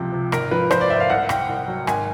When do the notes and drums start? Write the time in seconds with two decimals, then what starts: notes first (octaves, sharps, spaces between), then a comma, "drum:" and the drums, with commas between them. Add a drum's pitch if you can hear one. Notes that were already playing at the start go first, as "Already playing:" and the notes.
Already playing: C#2 C3 F3
0.12 C3
0.32 G#1 A#4, drum: rim click
0.51 F3 B4
0.71 F3 C5, drum: rim click
0.81 D5
0.90 G#1 E5
1.00 F5
1.10 C2 F#5
1.29 C2 G5, drum: rim click
1.49 C2
1.68 F#3
1.87 G#1 G#5, drum: rim click